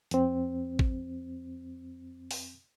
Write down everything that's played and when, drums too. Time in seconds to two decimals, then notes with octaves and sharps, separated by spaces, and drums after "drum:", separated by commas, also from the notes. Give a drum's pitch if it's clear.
0.11 F2 C4, drum: hi-hat
0.79 drum: kick
2.31 drum: open hi-hat